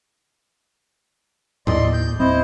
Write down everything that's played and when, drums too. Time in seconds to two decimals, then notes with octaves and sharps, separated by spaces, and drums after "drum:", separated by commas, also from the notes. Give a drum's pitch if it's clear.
1.67 D#2 A2 D5 D#5 C6, drum: tom A2
1.93 G6
2.19 D#1 C4 E4 C5 D#5